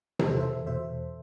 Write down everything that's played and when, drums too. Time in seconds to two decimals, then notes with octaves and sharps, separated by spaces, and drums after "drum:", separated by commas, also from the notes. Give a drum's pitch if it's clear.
0.19 E2 A4 C5, drum: tom C3
0.30 A4 C5
0.35 B2
0.40 C5 E5
0.51 E2
0.66 B2 C5 E5